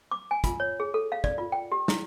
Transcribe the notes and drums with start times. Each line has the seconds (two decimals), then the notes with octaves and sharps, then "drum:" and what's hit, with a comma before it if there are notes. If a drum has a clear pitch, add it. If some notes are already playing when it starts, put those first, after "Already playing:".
0.11 D6
0.31 G#5
0.44 F4, drum: kick, hi-hat
0.60 C#5
0.80 G#4
0.94 A4
1.12 F5
1.24 D5, drum: kick
1.38 F4
1.52 G5
1.72 G4
1.88 E4, drum: snare